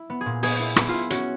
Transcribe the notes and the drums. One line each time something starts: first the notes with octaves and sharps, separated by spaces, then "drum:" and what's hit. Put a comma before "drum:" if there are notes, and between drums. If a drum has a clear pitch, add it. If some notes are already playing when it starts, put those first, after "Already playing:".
Already playing: E4
B3
G#4
A#2
B3 G#4, drum: open hi-hat
E4
B3, drum: rim click
E4 F4
C#4 F#4, drum: hi-hat